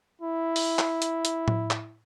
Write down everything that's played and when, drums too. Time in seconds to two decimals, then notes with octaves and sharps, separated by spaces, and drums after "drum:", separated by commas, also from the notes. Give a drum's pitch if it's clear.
0.22 E4
0.56 drum: open hi-hat
0.79 drum: clap
1.02 drum: hi-hat
1.25 drum: hi-hat
1.48 drum: tom A2
1.71 drum: clap